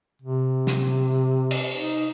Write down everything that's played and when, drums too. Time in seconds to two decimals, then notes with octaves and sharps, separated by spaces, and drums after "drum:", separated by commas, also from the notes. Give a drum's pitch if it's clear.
0.22 C3
0.67 drum: snare
1.51 drum: cymbal
1.74 D#4
1.84 drum: tambourine